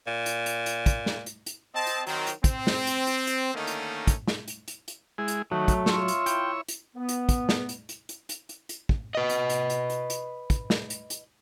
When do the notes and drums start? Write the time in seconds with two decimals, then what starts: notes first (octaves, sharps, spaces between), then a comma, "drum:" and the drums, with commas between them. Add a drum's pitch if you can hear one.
0.07 A#2
0.26 drum: hi-hat
0.46 drum: hi-hat
0.66 drum: hi-hat
0.86 drum: kick, hi-hat
1.06 drum: snare
1.26 drum: hi-hat
1.46 drum: hi-hat
1.75 C4 D#5 A5
1.87 drum: hi-hat
2.07 D#3 F#3 C4, drum: hi-hat
2.27 drum: hi-hat
2.44 C4, drum: kick, hi-hat
2.67 drum: snare
2.87 drum: hi-hat
3.07 drum: hi-hat
3.27 drum: hi-hat
3.54 D3 D#3 A3 A#3 C#4 D#4
3.67 drum: hi-hat
4.07 drum: kick, hi-hat
4.28 drum: snare
4.48 drum: hi-hat
4.68 drum: hi-hat
4.88 drum: hi-hat
5.18 G#3 E4 G#4
5.28 drum: hi-hat
5.52 D#3 F#3 A3 F#4
5.68 drum: kick, hi-hat
5.86 F4 C#5 E5, drum: snare
6.08 drum: hi-hat
6.26 E4 G5, drum: hi-hat
6.68 drum: hi-hat
6.95 B3
7.09 drum: hi-hat
7.29 drum: kick, hi-hat
7.49 drum: snare
7.69 drum: hi-hat
7.89 drum: hi-hat
8.09 drum: hi-hat
8.29 drum: hi-hat
8.49 drum: hi-hat
8.69 drum: hi-hat
8.89 drum: kick
9.15 B4 D#5
9.29 drum: hi-hat
9.50 drum: hi-hat
9.70 drum: hi-hat
9.90 drum: hi-hat
10.10 drum: hi-hat
10.50 drum: kick, hi-hat
10.70 drum: snare
10.90 drum: hi-hat
11.10 drum: hi-hat